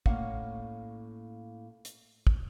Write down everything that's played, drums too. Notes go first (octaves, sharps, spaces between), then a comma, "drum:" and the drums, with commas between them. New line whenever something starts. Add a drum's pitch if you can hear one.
A2 A#3 C#4 C#5 F5 F#5, drum: kick
drum: hi-hat
drum: kick